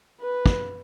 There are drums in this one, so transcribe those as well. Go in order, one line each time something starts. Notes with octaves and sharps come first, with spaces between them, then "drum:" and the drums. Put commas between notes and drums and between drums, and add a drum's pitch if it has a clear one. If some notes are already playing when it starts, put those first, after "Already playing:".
B4
drum: kick